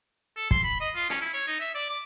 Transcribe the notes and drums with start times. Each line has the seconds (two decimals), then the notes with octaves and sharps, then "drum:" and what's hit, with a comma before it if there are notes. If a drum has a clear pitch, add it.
0.37 A4
0.51 C6, drum: kick
0.63 B5
0.81 D#5
0.95 F4
1.10 C#4, drum: hi-hat
1.21 E4
1.33 C#5
1.47 D#4
1.60 E5
1.75 D5
1.89 D6